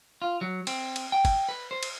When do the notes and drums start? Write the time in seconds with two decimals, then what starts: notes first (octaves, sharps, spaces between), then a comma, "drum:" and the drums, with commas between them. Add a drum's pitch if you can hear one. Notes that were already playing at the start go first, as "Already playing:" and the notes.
0.22 F4
0.41 F#3
0.67 C4, drum: cymbal
0.96 drum: cymbal
1.12 G5
1.25 drum: kick, cymbal
1.49 B4
1.71 C5
1.83 drum: cymbal